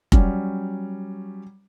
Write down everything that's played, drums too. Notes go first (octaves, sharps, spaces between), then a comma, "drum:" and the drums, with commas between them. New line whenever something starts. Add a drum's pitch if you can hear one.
F#3 G3 C#4, drum: kick F1